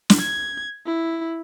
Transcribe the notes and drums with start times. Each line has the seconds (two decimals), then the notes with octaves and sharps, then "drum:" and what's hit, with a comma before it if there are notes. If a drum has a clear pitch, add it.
0.10 drum: snare
0.20 G#6
0.86 E4